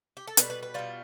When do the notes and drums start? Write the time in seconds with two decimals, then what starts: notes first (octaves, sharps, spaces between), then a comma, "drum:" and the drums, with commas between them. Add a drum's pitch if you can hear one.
0.17 G4
0.27 A4
0.37 B2 G3 B4, drum: hi-hat
0.50 B4
0.63 B4
0.74 B2 G3 F4